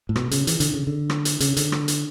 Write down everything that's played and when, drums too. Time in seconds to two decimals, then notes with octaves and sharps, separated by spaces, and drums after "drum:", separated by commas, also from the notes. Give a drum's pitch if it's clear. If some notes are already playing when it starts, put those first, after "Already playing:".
0.09 A2
0.16 B2, drum: rim click
0.31 C#3, drum: hi-hat
0.47 E3, drum: hi-hat
0.60 D3, drum: hi-hat
0.74 C#3
0.87 D3
1.10 drum: rim click
1.25 drum: hi-hat
1.40 C#3, drum: hi-hat
1.57 D3, drum: hi-hat
1.72 drum: rim click
1.88 drum: hi-hat